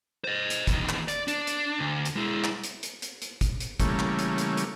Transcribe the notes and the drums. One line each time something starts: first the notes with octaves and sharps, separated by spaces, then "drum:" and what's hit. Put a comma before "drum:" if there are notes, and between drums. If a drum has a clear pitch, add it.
C5 D#5
drum: hi-hat
E2 D#3, drum: kick G1, hi-hat
drum: clap
D5, drum: hi-hat
D4, drum: hi-hat
drum: hi-hat
D2
drum: hi-hat
G#3 E4
drum: clap
drum: hi-hat
drum: hi-hat
drum: hi-hat
drum: hi-hat
drum: kick G1, hi-hat
drum: hi-hat
C#3 E3 G3 A3 A#3 C#4, drum: kick G1, hi-hat
drum: clap
drum: hi-hat
drum: hi-hat
drum: hi-hat